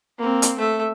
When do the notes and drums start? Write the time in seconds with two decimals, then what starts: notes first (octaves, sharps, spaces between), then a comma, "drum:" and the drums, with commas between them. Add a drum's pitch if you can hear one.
0.19 A#3 C4
0.42 drum: hi-hat
0.58 A3 E5